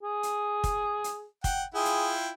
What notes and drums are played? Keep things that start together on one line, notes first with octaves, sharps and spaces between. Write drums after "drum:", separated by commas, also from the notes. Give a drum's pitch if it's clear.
G#4
drum: hi-hat
drum: kick, hi-hat
drum: hi-hat
F#5 G5, drum: kick, hi-hat
E4 F4 G#4 G5
drum: hi-hat